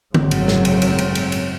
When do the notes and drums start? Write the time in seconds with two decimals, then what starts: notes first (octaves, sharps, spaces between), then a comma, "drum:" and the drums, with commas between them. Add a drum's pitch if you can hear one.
0.14 G#1 F#2 A2 C#3 F#3 C4, drum: tom D3
0.31 drum: cymbal
0.48 drum: snare
0.65 drum: cymbal
0.82 drum: cymbal
0.98 drum: cymbal
1.15 drum: cymbal
1.32 drum: cymbal